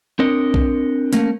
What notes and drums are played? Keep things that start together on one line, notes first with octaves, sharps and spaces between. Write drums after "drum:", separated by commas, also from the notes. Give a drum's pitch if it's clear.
C4 D4 A#4 C#5 D#5
drum: kick B1
A3 A#3 C#4, drum: hi-hat